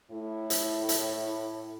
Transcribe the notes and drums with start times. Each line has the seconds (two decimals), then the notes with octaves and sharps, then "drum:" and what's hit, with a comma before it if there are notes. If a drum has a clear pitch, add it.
0.11 A2 E4
0.50 drum: hi-hat
0.89 drum: hi-hat